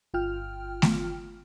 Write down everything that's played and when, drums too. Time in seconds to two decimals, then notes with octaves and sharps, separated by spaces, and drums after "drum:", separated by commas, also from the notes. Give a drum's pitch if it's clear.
0.14 G1 F4 G5 F6
0.82 drum: snare A3